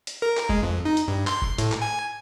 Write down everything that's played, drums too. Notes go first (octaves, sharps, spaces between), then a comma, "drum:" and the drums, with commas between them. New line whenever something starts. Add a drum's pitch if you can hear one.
drum: hi-hat
A#4
drum: clap
G#3, drum: kick F1
F2
D#4
drum: hi-hat
G2
C6, drum: clap
drum: kick F1
A2, drum: hi-hat
drum: clap
G#5